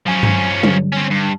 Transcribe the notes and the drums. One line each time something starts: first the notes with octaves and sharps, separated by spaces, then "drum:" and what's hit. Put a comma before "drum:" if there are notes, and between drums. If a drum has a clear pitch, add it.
F3 F#3 C#4 G#5
drum: tom G2
D3 G3, drum: tom F#3
C4 C#4
G2